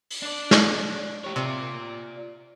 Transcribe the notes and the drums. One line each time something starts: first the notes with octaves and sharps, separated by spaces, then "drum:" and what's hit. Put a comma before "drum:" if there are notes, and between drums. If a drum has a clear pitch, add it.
drum: open hi-hat
D4 D5
drum: snare
G4 C#5
C3 F4 D5